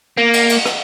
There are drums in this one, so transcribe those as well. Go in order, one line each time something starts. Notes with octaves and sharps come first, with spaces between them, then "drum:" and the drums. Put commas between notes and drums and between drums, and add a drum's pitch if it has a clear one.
A#3
drum: cymbal
drum: cymbal
drum: rim click